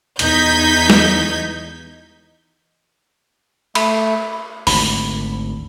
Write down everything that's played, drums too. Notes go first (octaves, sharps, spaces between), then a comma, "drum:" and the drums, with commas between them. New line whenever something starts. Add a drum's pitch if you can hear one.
E2 D#4 G6 G#6 B6, drum: hi-hat
drum: snare
A3 B5, drum: cymbal
G#1 D2 B5, drum: open hi-hat